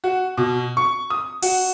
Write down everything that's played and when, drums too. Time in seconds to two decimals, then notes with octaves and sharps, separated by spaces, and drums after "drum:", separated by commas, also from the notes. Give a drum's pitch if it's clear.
0.04 F#4
0.37 B2
0.77 C#6
1.10 D#6
1.42 F#4, drum: open hi-hat